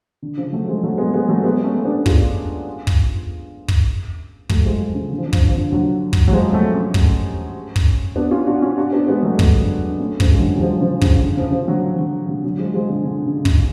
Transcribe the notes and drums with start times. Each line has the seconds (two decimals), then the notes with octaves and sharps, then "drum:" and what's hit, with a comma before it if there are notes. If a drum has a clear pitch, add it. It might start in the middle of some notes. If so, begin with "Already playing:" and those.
0.22 D3
0.37 C#3 F3
0.53 F#3 A3
0.67 F3 G#3
0.83 F#3 A3
0.98 G#3 B3
1.14 G#3 B3
1.29 F#3 A3
1.44 G#3 B3
1.64 A3 C#4
1.85 B3 D4
2.06 F4 G#4, drum: kick
2.87 drum: kick
3.68 drum: kick
4.49 F#3 A3, drum: kick
4.65 F3 G#3
4.95 C#3 F3
5.11 D3
5.18 F3
5.26 D3
5.33 F3, drum: kick
5.40 D3
5.48 F3
5.55 D3
5.72 D3 F#3
6.13 drum: kick
6.28 F#3
6.32 F3 G#3
6.53 F#3 A3
6.74 A3 C#4
6.94 drum: kick
7.76 drum: kick
8.16 B3 D4
8.31 C#4 F4
8.47 D4 F#4
8.62 C#4 F4
8.77 D4 F#4
8.93 B3 D4
9.08 G#3 B3
9.23 F#3 A3
9.33 G#3
9.39 D3 F#3, drum: kick
9.59 D3 F#3
9.87 D4
9.99 A3 C#4
10.20 C#3 F3, drum: kick
10.31 G#3
10.40 D3 F#3
10.56 F#3
10.61 F3 G#3
10.81 C#3 F3
11.01 C#3, drum: kick
11.22 D3
11.37 C#3 F3
11.52 C#3 F3
11.67 D3 F#3
11.91 F3
11.98 D3 F#3
12.29 D3 F#3
12.44 D3 F#3
12.59 F3 G#3
12.74 F3 G#3
12.89 D3
13.05 D3
13.26 C#3
13.45 C#3, drum: kick